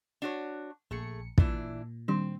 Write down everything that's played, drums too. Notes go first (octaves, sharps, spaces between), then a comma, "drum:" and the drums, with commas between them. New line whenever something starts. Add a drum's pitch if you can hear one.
D4 F#4 C#5
A#1 A3 G#4 C#7
A#2 E3 D4 E4, drum: kick
D#3 G3 C4 D4